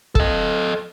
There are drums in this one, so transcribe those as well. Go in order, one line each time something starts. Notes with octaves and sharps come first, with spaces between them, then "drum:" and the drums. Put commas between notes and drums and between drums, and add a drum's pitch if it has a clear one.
A4 D#5, drum: kick